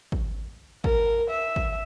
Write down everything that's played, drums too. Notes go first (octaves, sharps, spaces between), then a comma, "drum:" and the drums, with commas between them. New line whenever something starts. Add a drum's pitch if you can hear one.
drum: kick
A#4, drum: kick
E5
drum: kick